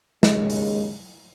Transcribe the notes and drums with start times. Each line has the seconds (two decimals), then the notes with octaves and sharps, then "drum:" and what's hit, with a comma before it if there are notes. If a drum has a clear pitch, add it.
0.23 D#2 C#3 G#3, drum: snare
0.50 drum: open hi-hat